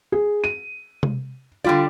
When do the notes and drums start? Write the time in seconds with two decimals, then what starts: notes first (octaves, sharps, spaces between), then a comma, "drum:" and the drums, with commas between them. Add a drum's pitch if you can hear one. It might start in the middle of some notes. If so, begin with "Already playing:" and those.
0.12 G#4
0.44 D#7
1.03 drum: tom C3
1.64 D3 G3 F4 D5